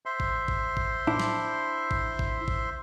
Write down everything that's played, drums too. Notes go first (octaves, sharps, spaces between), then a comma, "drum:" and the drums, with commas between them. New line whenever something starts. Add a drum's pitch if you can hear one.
C5 E5 C6
drum: kick A1
drum: kick A1
drum: kick A1
D4 E4, drum: tom A2
drum: snare
drum: kick A1
drum: kick A1
drum: kick A1